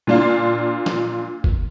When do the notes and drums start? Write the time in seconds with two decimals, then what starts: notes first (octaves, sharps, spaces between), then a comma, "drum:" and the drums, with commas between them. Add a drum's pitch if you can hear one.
0.07 A#2 D4 F4
0.86 drum: snare
1.44 drum: kick F#1